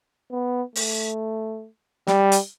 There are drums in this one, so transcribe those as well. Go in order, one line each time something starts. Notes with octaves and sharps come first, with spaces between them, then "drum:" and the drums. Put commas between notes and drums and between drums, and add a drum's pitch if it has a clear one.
B3
A3, drum: open hi-hat
G3, drum: snare
drum: hi-hat